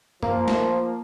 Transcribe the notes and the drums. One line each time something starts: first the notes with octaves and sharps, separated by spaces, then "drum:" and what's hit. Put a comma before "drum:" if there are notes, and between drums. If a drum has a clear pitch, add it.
F3 A#3, drum: tom F#2
drum: snare